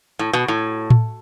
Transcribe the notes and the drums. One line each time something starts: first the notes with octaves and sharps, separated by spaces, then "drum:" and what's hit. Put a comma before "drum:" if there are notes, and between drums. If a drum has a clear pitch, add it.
A2
B2
A2
drum: tom A2